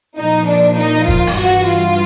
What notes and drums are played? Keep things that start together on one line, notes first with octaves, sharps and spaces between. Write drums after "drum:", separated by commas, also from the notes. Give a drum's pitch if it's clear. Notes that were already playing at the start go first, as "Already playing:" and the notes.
A#2 F3 D#4
D4
D#4
F4, drum: kick
drum: open hi-hat
G2 E3 F#4
F4